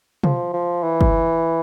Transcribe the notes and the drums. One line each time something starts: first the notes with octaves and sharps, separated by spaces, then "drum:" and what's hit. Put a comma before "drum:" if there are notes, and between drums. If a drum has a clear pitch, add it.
F3, drum: tom
F3
E3
drum: kick G1